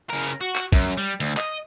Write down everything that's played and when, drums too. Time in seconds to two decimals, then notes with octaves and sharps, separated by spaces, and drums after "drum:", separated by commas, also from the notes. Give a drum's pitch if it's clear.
0.10 C#3 A#4
0.23 drum: hi-hat
0.41 F#4
0.56 drum: clap
0.72 F#2, drum: kick, hi-hat
0.97 G3
1.20 D2, drum: hi-hat
1.37 D#5, drum: clap